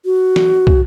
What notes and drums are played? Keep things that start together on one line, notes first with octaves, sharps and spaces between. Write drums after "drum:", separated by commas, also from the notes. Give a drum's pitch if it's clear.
F#4
drum: snare
drum: kick